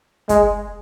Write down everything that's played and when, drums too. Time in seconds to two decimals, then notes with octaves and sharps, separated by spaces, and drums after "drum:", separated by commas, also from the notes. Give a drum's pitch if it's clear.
0.29 G#3, drum: kick, hi-hat